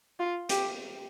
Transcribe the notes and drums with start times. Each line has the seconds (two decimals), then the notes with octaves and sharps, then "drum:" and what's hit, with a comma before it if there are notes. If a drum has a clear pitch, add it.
0.20 F4
0.49 G4, drum: hi-hat